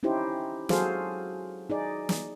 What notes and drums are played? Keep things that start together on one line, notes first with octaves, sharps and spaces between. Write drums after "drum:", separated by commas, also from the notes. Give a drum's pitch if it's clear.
C#4 D#4 E4 G4 C5
F#3 F#4 G#4 A4 C5 F5, drum: snare
D#4 G#4 D5
drum: snare